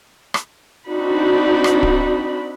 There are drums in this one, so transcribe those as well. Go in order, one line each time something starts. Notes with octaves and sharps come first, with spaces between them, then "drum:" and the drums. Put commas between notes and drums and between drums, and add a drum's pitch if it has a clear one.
drum: rim click
C4 D4 D#4 F#4 B5
drum: rim click
drum: kick D1